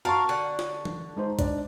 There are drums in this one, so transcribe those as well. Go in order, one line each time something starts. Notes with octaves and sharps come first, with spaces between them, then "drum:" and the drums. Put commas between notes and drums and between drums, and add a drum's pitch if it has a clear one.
F#4 A#4 F5 A5 C#6
D3 F#5
drum: snare
drum: tom E3
G#3 D#4 C5
D4 D5, drum: kick, hi-hat